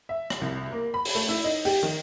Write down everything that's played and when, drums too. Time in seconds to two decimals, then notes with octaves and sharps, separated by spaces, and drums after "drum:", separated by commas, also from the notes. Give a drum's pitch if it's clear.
0.09 E5
0.30 drum: rim click
0.41 C2
0.72 A#3
0.94 B5
1.05 drum: open hi-hat
1.15 A3
1.29 E4
1.44 D#4
1.65 G4, drum: open hi-hat
1.83 D#3